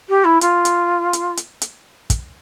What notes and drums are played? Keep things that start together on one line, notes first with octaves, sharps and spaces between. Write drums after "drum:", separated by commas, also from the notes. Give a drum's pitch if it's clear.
G4
E4
F4, drum: hi-hat
drum: hi-hat
drum: hi-hat
drum: hi-hat
drum: hi-hat
drum: kick, hi-hat